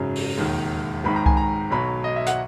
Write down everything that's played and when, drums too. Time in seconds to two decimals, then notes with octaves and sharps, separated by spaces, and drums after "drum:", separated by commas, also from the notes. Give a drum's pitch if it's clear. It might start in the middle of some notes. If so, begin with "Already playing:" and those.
Already playing: G#1 F#2 C#3 F#3
0.16 drum: open hi-hat
0.38 E1 D#2 D#3
1.04 G#1 G#2 D#3 B5
1.16 A#5
1.26 G#5, drum: kick C2
1.37 A#5
1.71 B1 B2 F#3 B5
2.04 D#5
2.16 E5
2.27 F#5, drum: hi-hat